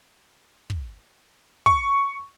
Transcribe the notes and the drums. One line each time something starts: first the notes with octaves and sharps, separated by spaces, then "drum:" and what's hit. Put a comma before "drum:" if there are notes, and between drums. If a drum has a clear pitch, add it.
drum: kick
C#6, drum: kick